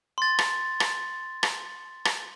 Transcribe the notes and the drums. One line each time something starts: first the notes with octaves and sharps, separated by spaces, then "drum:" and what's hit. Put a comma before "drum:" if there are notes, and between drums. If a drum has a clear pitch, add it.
C6 A6
drum: rim click
drum: rim click
drum: rim click
drum: rim click